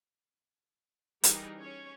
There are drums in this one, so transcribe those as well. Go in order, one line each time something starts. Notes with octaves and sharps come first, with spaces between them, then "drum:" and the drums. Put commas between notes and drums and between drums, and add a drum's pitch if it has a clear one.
E3 G3 D#4 G4 G#4 A#4, drum: hi-hat
C#4 C#5